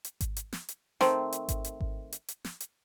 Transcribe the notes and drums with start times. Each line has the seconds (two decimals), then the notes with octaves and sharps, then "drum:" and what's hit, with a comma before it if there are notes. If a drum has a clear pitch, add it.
0.05 drum: hi-hat
0.21 drum: kick G#1, hi-hat
0.37 drum: hi-hat
0.53 drum: snare
0.69 drum: hi-hat
1.01 D#3 A3 C4, drum: snare
1.33 drum: hi-hat
1.49 drum: kick G#1, hi-hat
1.65 drum: hi-hat
1.81 drum: kick G#1
2.13 drum: hi-hat
2.28 drum: hi-hat
2.44 drum: snare
2.60 drum: hi-hat